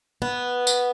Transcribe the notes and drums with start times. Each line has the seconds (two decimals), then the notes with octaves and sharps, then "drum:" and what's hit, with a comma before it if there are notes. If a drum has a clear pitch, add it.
0.22 B3
0.67 drum: tambourine